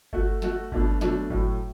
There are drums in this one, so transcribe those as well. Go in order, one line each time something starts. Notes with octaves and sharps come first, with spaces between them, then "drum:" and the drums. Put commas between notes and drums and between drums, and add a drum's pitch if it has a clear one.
A3 F#4 A4, drum: kick G1
A3 F#4 A4, drum: snare
B2 F#3 A3 D4, drum: kick G1
B2 F#3 A3 D4, drum: snare
A2 F#3 A3, drum: kick G1